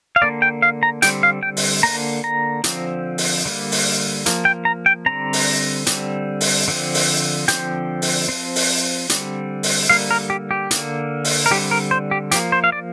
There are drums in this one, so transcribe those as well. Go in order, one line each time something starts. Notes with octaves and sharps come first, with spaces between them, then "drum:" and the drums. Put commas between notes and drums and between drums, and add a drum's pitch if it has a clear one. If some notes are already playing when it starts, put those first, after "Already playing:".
F5
D3 A#3 D5
G5
F5
A#5
D3 G3 C4 G5, drum: hi-hat
F5
G5
drum: open hi-hat
D3 A#3 A#5
A#5
D3 F3 C4, drum: hi-hat
drum: open hi-hat
D3 G3 A#3
drum: open hi-hat
F3 A#3, drum: hi-hat
G5
A#5
G5
D3 G3 C4 A#5
drum: open hi-hat
D3 G3 C4, drum: hi-hat
drum: open hi-hat
D3 F3 C4
drum: open hi-hat
D3 F3 C4 G5, drum: hi-hat
drum: open hi-hat
F3 C4
drum: open hi-hat
D3 G3 C4, drum: hi-hat
drum: open hi-hat
D3 G3 A#3 F5
A#4
G4
G4
D3 A#3, drum: hi-hat
drum: open hi-hat
A#4
D3 G3 C4 G4
A#4
C5
G4
F3 A#3 G4, drum: hi-hat
C5
F5
D5